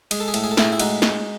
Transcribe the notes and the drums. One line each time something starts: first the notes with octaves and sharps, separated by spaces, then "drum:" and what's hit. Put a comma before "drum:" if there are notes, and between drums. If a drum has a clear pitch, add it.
G#3 G#4, drum: cymbal
A4
G#4
A2 A4, drum: cymbal
G#4
A4
A2 E4 G#4, drum: snare
E4
G#3 D#4 F#4, drum: cymbal
G#3, drum: snare